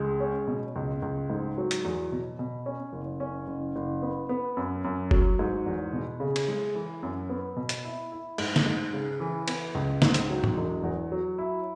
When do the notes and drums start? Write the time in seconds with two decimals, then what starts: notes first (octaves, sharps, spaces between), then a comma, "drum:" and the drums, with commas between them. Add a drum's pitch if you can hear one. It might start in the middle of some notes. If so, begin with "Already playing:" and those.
Already playing: C#2 G#3
0.20 C#4
0.48 B2
0.76 C#2
1.02 C#2
1.30 G#2
1.58 F#3
1.71 drum: hi-hat
1.85 E2
2.12 B2
2.39 B2
2.66 C#4
2.93 F#1
3.20 C#4
3.48 F#1
3.76 F#1
4.02 B3
4.29 B3
4.57 F#2
4.84 F#2
5.11 F#3, drum: kick F#1
5.39 G#2
5.66 E2
5.93 B2
6.20 C#3
6.36 drum: cymbal
6.48 G#3
6.75 E3
7.03 F#2
7.30 B3
7.56 B2
7.69 drum: hi-hat
7.85 E4
8.12 E4
8.38 G#2, drum: cymbal
8.56 drum: snare
8.66 G#2
8.93 C#3
9.20 E3
9.48 B3, drum: cymbal
9.75 C#2
10.02 G#2, drum: snare
10.14 drum: hi-hat
10.30 F#3
10.44 drum: tom G#2
10.57 E1
10.83 E2
11.12 F#3
11.38 E4